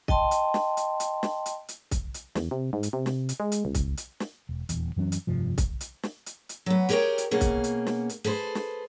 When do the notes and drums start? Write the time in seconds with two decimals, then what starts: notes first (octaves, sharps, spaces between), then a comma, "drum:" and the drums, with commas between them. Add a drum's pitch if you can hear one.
0.08 D#5 G5 A5 C6, drum: kick
0.31 drum: hi-hat
0.54 drum: snare
0.77 drum: hi-hat
1.00 drum: hi-hat
1.23 drum: snare
1.46 drum: hi-hat
1.68 drum: hi-hat
1.91 drum: kick, hi-hat
2.14 drum: hi-hat
2.35 E2, drum: snare
2.51 C3
2.73 G#2
2.83 drum: hi-hat
2.93 C3
3.06 drum: snare
3.29 drum: hi-hat
3.40 G#3
3.52 drum: hi-hat
3.65 C#2
3.75 drum: kick, hi-hat
3.97 drum: hi-hat
4.20 drum: snare
4.49 E1
4.69 D#1 E2, drum: hi-hat
4.96 F#2 E3 F#3 C#4
5.12 drum: hi-hat
5.27 F1 G2 C3 F3
5.58 drum: kick, hi-hat
5.81 drum: hi-hat
6.03 drum: snare
6.26 drum: hi-hat
6.49 drum: hi-hat
6.66 F#3 B3
6.89 G4 G#4 A#4 B4 C#5 G5
7.18 drum: hi-hat
7.31 B2 A#3 C#4 G#4
7.41 drum: kick, hi-hat
7.64 drum: hi-hat
7.87 drum: snare
8.09 drum: hi-hat
8.24 G#4 A4 B4 C5
8.55 drum: snare